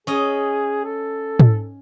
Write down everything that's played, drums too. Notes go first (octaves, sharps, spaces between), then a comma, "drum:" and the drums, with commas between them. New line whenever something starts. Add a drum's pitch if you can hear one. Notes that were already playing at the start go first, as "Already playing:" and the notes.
C#4 G#4 D#5
A4
drum: tom